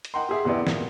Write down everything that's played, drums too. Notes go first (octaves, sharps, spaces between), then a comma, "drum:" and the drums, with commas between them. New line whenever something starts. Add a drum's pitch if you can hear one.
drum: hi-hat
D#5 F#5 G5 A#5 C6
G4 G#4 E5
E2 C3 B3 E4 D5
A#2, drum: snare